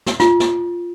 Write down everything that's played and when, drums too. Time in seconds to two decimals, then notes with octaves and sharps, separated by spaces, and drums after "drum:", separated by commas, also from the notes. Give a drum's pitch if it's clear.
0.06 drum: snare
0.20 F4, drum: snare
0.40 drum: snare